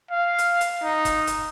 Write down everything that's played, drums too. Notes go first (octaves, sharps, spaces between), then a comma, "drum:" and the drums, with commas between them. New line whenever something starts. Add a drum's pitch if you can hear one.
F5
drum: hi-hat
drum: hi-hat
D#4
drum: kick E1, hi-hat
drum: hi-hat